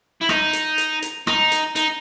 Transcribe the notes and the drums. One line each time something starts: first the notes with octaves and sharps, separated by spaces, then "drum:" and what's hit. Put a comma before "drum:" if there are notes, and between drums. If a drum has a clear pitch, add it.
E4
D#4, drum: rim click
drum: hi-hat
drum: hi-hat
drum: hi-hat
D#4, drum: rim click
drum: hi-hat
D#4, drum: hi-hat